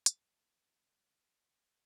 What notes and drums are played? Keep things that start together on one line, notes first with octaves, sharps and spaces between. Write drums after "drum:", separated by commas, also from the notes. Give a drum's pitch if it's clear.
E2 C3 G#3 D#5 F#5, drum: hi-hat